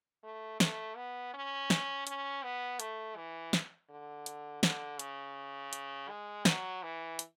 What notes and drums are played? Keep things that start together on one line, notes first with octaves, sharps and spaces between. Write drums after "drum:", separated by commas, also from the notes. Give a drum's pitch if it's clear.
A3
A3, drum: snare
B3
C#4
drum: snare
C#4, drum: hi-hat
B3
A3, drum: hi-hat
E3
drum: snare
D3
drum: hi-hat
D3, drum: snare
C#3, drum: hi-hat
drum: hi-hat
G#3
F#3, drum: snare
E3
drum: hi-hat